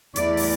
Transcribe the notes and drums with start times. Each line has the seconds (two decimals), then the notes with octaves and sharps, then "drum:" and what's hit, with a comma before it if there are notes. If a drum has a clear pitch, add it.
0.16 E2 E3 A3 E4 D5, drum: hi-hat
0.37 drum: open hi-hat